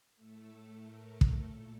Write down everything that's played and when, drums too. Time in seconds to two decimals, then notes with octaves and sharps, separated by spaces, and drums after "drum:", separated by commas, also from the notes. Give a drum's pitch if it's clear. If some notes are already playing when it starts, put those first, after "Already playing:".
0.16 A2 A3 A4
0.80 A#4
1.21 drum: kick
1.42 A#2 A3 A4